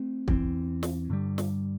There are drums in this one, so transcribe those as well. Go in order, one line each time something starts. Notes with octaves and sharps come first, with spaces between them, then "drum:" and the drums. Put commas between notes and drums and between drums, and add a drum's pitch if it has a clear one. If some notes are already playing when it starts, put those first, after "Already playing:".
Already playing: A3 C4
E2 E3 C4, drum: kick
drum: snare
G2 D3 G3
drum: snare